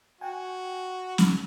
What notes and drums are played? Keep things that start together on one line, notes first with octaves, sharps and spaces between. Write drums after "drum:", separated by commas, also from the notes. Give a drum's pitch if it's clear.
F#4 G5 G#5
drum: snare